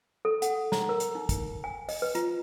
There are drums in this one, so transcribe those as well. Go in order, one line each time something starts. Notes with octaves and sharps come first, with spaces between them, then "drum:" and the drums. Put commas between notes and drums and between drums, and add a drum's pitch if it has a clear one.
A4
F#5, drum: hi-hat
A#5, drum: snare
A#4
drum: hi-hat
D#4
drum: kick, hi-hat
G#5
D#5, drum: open hi-hat
B4
F4, drum: hi-hat